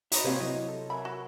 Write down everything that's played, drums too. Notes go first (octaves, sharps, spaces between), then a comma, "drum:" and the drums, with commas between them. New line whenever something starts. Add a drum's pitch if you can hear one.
D#4 F#4 C#5 D#5 E5 A#5 B5, drum: hi-hat
C3 A#3 C4 G4 B4 C#5 F5 G#6
F#3 E4 D#5
A4
A#4 E5 G#5 B5
F#4